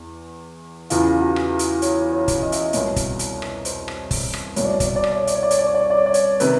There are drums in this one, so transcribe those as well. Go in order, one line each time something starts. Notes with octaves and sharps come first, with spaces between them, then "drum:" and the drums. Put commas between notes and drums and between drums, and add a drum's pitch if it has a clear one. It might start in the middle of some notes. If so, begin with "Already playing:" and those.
Already playing: E2
E2 C#3 E3 F4, drum: hi-hat
F#4
drum: rim click
drum: hi-hat
C#5, drum: hi-hat
C#5
drum: kick, hi-hat
D#5
E5, drum: hi-hat
D#5
C2 B2 C#5, drum: hi-hat
drum: kick, hi-hat
drum: hi-hat
drum: rim click
C5, drum: hi-hat
drum: rim click
drum: kick, open hi-hat
drum: rim click
C2 B2 C#5, drum: hi-hat
D5
C#5
D5, drum: kick, hi-hat
C#5
D5
C#5, drum: rim click
D5
C#5
D5, drum: hi-hat
C#5
D5
C#5, drum: hi-hat
D5
C#5
D5
C#5
D5
C#5
D5
C#5, drum: hi-hat
C3 D#3 B4, drum: hi-hat